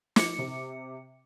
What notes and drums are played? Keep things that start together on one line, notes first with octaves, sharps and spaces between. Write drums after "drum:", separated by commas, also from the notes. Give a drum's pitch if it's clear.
F3 E4 D6 C#7, drum: snare
C3